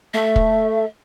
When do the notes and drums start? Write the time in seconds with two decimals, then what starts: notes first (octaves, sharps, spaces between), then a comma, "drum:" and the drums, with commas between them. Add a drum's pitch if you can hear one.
0.14 A3 E5
0.36 drum: kick